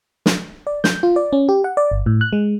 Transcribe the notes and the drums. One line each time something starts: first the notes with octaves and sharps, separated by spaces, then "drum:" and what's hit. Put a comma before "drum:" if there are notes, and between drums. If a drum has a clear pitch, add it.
drum: snare
D5
G6, drum: snare
F4
D5
C#4
G4
F#5
D5
G1
A2
F#6
G#3